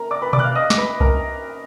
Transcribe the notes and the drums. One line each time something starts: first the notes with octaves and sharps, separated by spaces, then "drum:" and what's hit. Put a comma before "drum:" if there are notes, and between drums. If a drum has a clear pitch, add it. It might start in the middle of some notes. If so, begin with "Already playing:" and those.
Already playing: A#4 A#5
D5 D6
B4 B5
D5 D6, drum: tom B2
F#6
F5 F6
D#5 D#6
D6, drum: snare
B4 B5
A#4 A#5, drum: kick C2